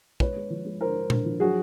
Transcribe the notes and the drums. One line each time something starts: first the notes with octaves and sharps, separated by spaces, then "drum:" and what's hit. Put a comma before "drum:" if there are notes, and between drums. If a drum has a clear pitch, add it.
G#3 B4 C#5, drum: kick
G#3
F3
G#3
D3 A#4 C5
D3
D3, drum: tom A#2
F3
F#3 F#4 G#4